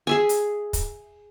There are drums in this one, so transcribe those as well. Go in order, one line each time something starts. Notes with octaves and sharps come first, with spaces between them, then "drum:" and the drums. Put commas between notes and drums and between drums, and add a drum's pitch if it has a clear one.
G#4 E5 G#5
drum: hi-hat
drum: kick, hi-hat